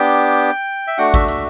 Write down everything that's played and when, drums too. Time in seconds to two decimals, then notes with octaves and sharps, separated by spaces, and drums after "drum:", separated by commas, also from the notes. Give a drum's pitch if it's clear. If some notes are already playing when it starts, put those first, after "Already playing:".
Already playing: B3 D4 G4 G5
0.87 E5
0.98 A3 D4 F#4 F#5
1.14 E5, drum: kick G#1
1.28 E5, drum: hi-hat